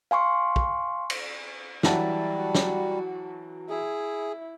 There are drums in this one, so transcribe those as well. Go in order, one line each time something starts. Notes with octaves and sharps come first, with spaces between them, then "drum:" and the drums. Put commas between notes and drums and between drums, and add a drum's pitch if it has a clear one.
F5 G#5 C6 C#6
drum: kick
drum: cymbal
E3 F#3 G3 E5 A5, drum: snare
F#4
drum: snare
E4 G#4